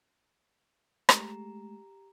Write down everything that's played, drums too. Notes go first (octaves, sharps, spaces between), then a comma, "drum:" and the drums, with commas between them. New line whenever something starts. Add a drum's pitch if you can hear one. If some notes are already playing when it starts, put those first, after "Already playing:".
G#3 A3 G4 A#5, drum: rim click